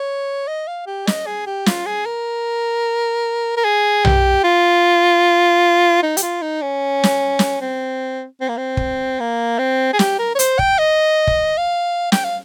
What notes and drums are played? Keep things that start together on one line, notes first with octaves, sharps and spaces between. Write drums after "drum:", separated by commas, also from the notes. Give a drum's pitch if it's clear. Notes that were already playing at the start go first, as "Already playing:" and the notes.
Already playing: C#5
D#5
F5
G4
D#5, drum: snare
G#4
G4
F4, drum: snare
G#4
A#4
A#4
G#4
G4, drum: tom B1
F4
D#4
G4, drum: hi-hat
F4
D#4
C#4
drum: snare
drum: snare
C4
C4
A#3
C4
drum: kick
A#3
C4
G#4
G4, drum: snare
A#4
C#5
C5, drum: hi-hat
G5, drum: kick
D#5
drum: kick
F5
G5, drum: snare
F5